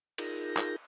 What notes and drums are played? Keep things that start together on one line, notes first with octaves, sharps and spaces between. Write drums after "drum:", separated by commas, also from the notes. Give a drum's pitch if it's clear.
D#4 F4 G#4 A#4 G6 A#6, drum: cymbal
drum: clap